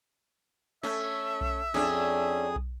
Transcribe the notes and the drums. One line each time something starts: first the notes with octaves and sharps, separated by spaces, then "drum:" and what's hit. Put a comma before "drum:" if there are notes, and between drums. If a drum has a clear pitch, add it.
A3 C#4 E5, drum: snare
drum: kick B1
F2 C#4 D4 G#4 D#6, drum: snare
drum: kick B1